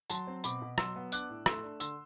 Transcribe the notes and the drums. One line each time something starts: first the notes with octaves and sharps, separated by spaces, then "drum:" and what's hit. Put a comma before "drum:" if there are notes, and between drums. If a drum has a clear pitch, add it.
F#3 A5 C6, drum: tambourine
C4
B2 B5 D6, drum: tambourine
B2
F#3 C6 E6, drum: rim click
B3
D4 D6 F#6, drum: tambourine
A2
A3 C6 E6, drum: rim click
D4
D3 C6 E6, drum: tambourine